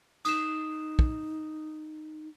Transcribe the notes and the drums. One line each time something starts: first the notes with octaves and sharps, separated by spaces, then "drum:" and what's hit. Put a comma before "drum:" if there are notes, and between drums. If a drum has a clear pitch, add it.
D#4 D#6 E7, drum: cymbal
drum: kick